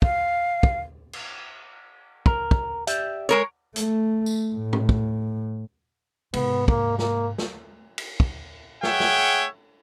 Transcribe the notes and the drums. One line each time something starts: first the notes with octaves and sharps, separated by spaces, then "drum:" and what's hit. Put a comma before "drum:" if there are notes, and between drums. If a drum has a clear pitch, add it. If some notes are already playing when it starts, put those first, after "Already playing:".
F5, drum: kick
drum: kick
drum: cymbal
A#4, drum: kick
drum: kick
G4 D5 E5, drum: hi-hat
G#3 A#4 C#5
A3, drum: hi-hat
drum: tambourine
A2
drum: tom A#2
drum: kick
G#2 C3 B3, drum: cymbal
A#3, drum: kick
A#3, drum: snare
drum: snare
drum: cymbal
drum: kick
G#4 C#5 E5 F#5 G5, drum: snare
drum: snare